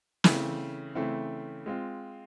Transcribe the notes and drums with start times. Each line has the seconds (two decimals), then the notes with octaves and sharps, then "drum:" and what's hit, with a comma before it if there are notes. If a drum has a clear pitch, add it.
0.24 C#3 E3 A3 C4 E4, drum: snare
0.95 C#3 E3 A3 C4 E4
1.66 G#3 C4 F4